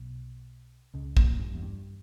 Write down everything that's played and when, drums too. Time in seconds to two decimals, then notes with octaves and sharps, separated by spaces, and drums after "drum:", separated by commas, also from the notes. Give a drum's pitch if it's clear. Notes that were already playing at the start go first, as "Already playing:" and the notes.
Already playing: B1 B2
0.94 C#2 C#3
1.17 A#1 A#2, drum: kick
1.40 G2
1.54 E2
1.62 G2